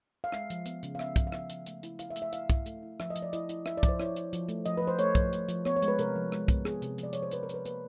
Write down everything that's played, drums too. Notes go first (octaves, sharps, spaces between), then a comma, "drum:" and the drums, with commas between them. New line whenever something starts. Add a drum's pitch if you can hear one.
F5
G#3 E5, drum: rim click
F3, drum: hi-hat
B3, drum: hi-hat
C#3, drum: hi-hat
F5
B3 E5, drum: rim click
F3, drum: kick, hi-hat
F5
B3 E5, drum: rim click
F3, drum: hi-hat
A3, drum: hi-hat
E4, drum: hi-hat
E4 F5, drum: hi-hat
E5
A3, drum: hi-hat
E5
E4 F5, drum: hi-hat
E4, drum: kick, hi-hat
A3, drum: hi-hat
E4
F3 E5, drum: rim click
D#5
F3, drum: hi-hat
D5
E4 D#5, drum: hi-hat
E4, drum: hi-hat
E4 E5, drum: rim click
D5
F3, drum: kick, hi-hat
C5
E4 C#5, drum: rim click
F3, drum: hi-hat
F3, drum: hi-hat
A3, drum: hi-hat
F3 D#5, drum: hi-hat
F3 B4
C5
A3 C#5, drum: hi-hat
F3, drum: kick, hi-hat
A3, drum: hi-hat
F3, drum: hi-hat
B3 C#5, drum: rim click
C#5
G#3, drum: hi-hat
B4
C3 A#4, drum: hi-hat
F3
G#3, drum: rim click
B3, drum: kick, hi-hat
B3 G#4, drum: rim click
C3, drum: hi-hat
F3, drum: hi-hat
D5
F3 C#5, drum: hi-hat
C5
F3 B4, drum: hi-hat
A#4
F3 B4, drum: hi-hat
A#3 B4, drum: hi-hat